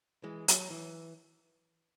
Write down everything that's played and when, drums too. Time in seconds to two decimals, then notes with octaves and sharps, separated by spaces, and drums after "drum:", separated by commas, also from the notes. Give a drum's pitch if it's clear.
0.24 E3 G#3
0.48 F#3, drum: hi-hat
0.70 E3